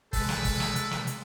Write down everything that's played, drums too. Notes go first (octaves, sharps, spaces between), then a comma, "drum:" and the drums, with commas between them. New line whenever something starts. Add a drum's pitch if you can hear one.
G#3 A4 B4, drum: kick, open hi-hat
drum: snare
drum: kick, open hi-hat
drum: snare
drum: hi-hat
drum: snare
drum: hi-hat